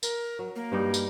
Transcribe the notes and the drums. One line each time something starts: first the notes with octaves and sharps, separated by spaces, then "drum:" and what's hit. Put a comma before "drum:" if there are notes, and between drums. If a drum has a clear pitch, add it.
A#4, drum: tambourine
F#3
A#3
G2 G3 D#4
drum: tambourine